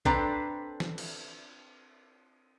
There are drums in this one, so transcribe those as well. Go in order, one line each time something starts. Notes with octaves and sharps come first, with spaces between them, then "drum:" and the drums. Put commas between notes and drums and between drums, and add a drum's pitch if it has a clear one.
C4 D4 A4 B4 G5 A#5, drum: kick B1
drum: snare
drum: cymbal